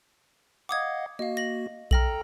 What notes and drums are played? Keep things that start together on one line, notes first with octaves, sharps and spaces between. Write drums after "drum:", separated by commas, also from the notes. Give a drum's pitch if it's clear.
D#5 F5 F#5 D6 D#6 G#6
A#3 F#4 D#5 F5
A#6 F#7
A4 G5 A#5 F6 A#6 F#7, drum: kick A#1